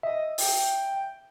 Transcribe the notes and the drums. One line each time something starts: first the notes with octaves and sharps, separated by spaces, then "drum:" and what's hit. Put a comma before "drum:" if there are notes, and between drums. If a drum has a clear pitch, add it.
D#5 E5
G5, drum: open hi-hat